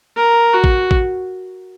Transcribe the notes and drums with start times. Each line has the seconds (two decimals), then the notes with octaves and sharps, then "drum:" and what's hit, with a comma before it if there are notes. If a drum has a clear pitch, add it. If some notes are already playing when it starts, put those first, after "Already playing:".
0.16 A#4
0.53 F#4
0.64 drum: kick A1
0.91 drum: kick A1